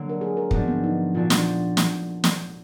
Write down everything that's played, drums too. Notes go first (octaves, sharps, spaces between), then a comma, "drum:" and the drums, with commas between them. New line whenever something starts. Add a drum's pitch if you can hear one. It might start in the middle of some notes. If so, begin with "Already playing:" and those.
Already playing: D3 F#3 A#3
A#4
G#4
A#4
G#2 F3 G#3 B3 D4 F#4, drum: kick
B3
D#4
A#2 F3 A#3 D4 F4 F#4
drum: snare
drum: snare
drum: snare